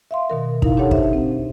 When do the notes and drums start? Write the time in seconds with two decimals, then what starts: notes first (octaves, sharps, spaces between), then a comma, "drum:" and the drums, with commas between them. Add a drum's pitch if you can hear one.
0.11 E5 F5 C6
0.30 B2 D#3 A#4
0.62 D#4 E4 A#4 F5, drum: kick
0.77 D4 G4 A4 C#5 F#5 A5
0.91 G#4 C5 E5, drum: kick
1.13 C4